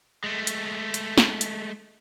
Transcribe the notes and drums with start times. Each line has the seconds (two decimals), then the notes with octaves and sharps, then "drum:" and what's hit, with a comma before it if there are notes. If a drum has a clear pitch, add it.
0.24 G#3 A3
0.47 drum: hi-hat
0.94 drum: hi-hat
1.18 drum: snare
1.41 drum: hi-hat